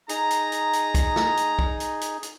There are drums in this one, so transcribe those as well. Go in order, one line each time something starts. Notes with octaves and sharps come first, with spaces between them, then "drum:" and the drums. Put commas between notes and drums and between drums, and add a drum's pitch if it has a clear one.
D#4 G#4 A#5, drum: hi-hat
drum: hi-hat
drum: hi-hat
drum: hi-hat
drum: kick, hi-hat
drum: snare
drum: hi-hat
drum: kick
drum: hi-hat
drum: hi-hat
drum: hi-hat